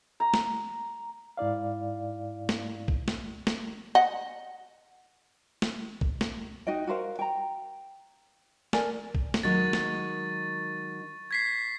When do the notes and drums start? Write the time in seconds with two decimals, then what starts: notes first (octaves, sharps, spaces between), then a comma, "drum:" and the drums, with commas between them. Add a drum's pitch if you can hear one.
0.20 A#5
0.34 drum: snare
1.37 G#2 E4 D5 F5
2.49 drum: snare
2.88 drum: kick
3.08 drum: snare
3.47 drum: snare
3.95 D#5 F#5
5.62 drum: snare
6.01 drum: kick
6.21 drum: snare
6.67 D#4 F#4 D#5 G5
6.87 F#4 A#4 C5 F5
7.19 G5 A#5
8.73 A4 A#4 D5 G#5, drum: snare
9.15 drum: kick
9.34 drum: snare
9.43 D#3 F#3 G#3 C#6 A6
9.73 drum: snare
11.31 G#6 B6 C7